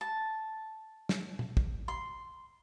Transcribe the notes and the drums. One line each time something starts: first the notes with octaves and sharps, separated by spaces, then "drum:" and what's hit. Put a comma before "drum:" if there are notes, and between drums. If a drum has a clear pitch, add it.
A5
drum: snare
drum: tom A#2
drum: kick
C6